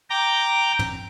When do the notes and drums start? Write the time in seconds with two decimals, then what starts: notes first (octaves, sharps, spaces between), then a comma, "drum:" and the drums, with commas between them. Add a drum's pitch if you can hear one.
0.10 G5 A#5 D6
0.79 drum: tom